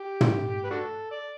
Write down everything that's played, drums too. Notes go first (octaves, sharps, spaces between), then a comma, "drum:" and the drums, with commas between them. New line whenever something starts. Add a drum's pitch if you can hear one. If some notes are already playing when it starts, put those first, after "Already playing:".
Already playing: G4
drum: tom
B4
D4 F#4 A4
D5